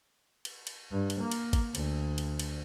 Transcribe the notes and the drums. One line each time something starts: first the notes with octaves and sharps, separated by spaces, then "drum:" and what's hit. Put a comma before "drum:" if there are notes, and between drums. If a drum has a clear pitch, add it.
drum: cymbal
drum: cymbal
G2
drum: cymbal
A#3
drum: cymbal
drum: kick G#1, cymbal
D2, drum: cymbal
drum: cymbal
drum: cymbal